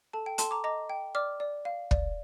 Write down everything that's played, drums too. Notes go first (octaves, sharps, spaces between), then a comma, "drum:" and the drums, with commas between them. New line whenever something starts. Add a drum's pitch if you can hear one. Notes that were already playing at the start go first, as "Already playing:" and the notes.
A4 A5
G5
A4 A5 C6, drum: hi-hat
A#5 D6
D#5 A#5 D6
G5
D5 D6 F6
D5
F5
D5, drum: kick